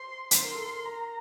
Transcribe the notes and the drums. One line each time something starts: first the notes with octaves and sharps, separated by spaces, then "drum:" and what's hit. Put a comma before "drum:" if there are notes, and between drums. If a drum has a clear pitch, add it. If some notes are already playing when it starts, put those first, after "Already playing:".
Already playing: C5 C6
C5 C6, drum: hi-hat
A#4
A4
A#4
A#4 A#5